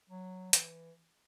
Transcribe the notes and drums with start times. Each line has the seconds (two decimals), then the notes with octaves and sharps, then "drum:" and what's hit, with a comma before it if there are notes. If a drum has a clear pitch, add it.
0.10 F#3
0.53 E3, drum: hi-hat